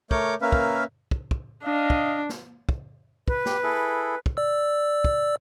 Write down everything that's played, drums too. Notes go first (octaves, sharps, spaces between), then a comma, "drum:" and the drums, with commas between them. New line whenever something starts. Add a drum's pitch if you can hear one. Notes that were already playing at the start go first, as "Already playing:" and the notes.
A3 A#4 C#5 D6 G6, drum: kick
A#3 C#4 A#4 B4 E5 F5
drum: kick
drum: kick
drum: kick
D4 D#5 F5
drum: kick
drum: snare
drum: kick
B4, drum: kick
G4, drum: snare
E4 G#4 A4
drum: kick
D5 E6
drum: kick